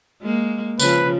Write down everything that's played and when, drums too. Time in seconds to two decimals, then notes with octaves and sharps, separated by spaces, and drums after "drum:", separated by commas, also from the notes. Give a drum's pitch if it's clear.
0.22 G#3 A#3
0.79 C#3 F3 B4, drum: tambourine